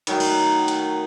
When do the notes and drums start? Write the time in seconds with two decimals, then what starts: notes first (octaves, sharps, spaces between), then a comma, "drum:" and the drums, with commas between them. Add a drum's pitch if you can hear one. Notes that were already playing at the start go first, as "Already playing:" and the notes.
0.07 D#3 F#3 A3, drum: hi-hat
0.20 drum: cymbal
0.68 drum: hi-hat